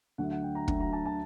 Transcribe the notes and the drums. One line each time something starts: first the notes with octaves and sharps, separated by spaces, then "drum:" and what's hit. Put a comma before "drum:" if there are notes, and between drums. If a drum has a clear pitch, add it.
D2 D3 F#3 A3 F#5
F#5
G5
A#5
D2 D3 F#3 A3, drum: kick
A#5
A5
A5